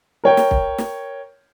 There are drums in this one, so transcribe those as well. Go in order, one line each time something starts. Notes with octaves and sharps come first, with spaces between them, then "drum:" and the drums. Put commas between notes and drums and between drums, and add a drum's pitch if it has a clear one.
A#4 C#5 G5
drum: snare
drum: kick
drum: snare